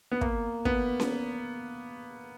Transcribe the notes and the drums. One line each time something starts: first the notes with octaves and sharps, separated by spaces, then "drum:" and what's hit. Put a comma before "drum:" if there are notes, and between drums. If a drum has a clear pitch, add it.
B3
A#3, drum: kick
B3, drum: kick
drum: snare C#4